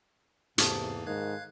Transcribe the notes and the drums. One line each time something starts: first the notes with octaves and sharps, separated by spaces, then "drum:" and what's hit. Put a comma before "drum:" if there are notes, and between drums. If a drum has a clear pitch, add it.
E2 G#2 C3 E3 A#3 A4 C6 D#6, drum: hi-hat
G#2 D#3 F5 F#6 G#6